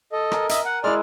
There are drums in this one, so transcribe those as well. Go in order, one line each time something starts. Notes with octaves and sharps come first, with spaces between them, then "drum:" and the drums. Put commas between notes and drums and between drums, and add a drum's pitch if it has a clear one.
A4 D#5
A#4 G#5, drum: rim click
D#5 E5, drum: hi-hat
F#5
G#3 E4 D5 F6